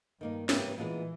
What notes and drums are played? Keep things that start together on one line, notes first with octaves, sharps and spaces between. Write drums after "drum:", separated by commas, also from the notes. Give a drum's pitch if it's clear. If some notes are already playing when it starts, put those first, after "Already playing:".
G2 D#3 A#3 D#4
G#2 C#3 E3 A#3 E4 G4, drum: snare
A#2 E3 G#3 B3 E4 G#4